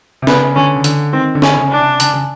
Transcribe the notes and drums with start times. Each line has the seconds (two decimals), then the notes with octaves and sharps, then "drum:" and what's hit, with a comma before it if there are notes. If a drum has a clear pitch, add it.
0.22 C3
0.27 C#3 B3, drum: snare
0.56 D3 C#4
0.76 C#3
0.84 D3, drum: hi-hat
1.13 D#3 C4
1.35 D3
1.42 C#4, drum: snare
1.57 C#3
1.71 D4
1.79 C3
2.00 C#3, drum: hi-hat
2.14 C#3